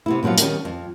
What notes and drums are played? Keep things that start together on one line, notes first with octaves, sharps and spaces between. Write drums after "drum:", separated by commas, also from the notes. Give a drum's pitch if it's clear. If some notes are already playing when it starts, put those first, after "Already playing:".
C3 B3 E4
A#2 F3 F#3 B3 F4
D#3 G3 B3 C#4, drum: hi-hat
F2